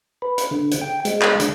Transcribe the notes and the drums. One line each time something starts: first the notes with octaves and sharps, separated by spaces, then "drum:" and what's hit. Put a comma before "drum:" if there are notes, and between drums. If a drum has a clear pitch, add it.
B4
drum: hi-hat
D3
drum: hi-hat
G5
G#3, drum: hi-hat
drum: clap
D3, drum: hi-hat